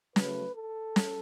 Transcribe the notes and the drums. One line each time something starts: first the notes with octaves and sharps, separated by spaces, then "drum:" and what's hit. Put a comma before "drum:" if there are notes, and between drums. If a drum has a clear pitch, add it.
C#3 F#3 A3 B4, drum: snare
A4
drum: snare